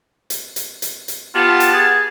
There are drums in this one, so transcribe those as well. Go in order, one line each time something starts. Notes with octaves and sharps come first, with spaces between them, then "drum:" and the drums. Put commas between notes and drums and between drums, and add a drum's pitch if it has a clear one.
drum: hi-hat
drum: hi-hat
drum: hi-hat
drum: hi-hat
B3 F4 G4 A5
drum: hi-hat
G#4